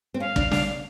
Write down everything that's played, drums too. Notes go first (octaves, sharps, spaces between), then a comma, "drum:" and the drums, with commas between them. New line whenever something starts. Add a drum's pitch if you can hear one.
C4
C#4 F5
D4, drum: kick
D4, drum: snare